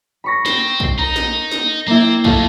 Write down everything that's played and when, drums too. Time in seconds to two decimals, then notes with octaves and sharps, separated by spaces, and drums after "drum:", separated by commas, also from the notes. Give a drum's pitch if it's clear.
0.24 B5 C#6 A#6
0.46 C4, drum: snare
0.80 drum: kick
0.99 D#4 A#4
1.16 drum: snare
1.52 drum: snare
1.87 A#3 C4 E4
2.25 B2 G#3 A3 F4 F5, drum: kick